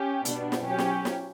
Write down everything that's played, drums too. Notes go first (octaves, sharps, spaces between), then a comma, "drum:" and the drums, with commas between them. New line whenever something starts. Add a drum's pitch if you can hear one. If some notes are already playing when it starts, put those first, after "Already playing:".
Already playing: C#4 G4
B2 G3 B3 D4, drum: hi-hat
drum: snare
F#3 C#4 G4
drum: snare
drum: snare